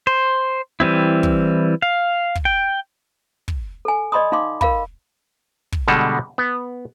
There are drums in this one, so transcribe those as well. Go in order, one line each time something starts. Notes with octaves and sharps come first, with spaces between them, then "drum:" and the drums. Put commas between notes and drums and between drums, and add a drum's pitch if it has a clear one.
C5
E3 G3 C4 E4
drum: kick
F5
drum: kick
G5
drum: kick
A4 G#5
D5 D#5 B5 C6 D#6
D#4 F5 C6 D6
A#4 F5 B5, drum: kick
drum: kick
B2 D3 G3 G#3 A4
B3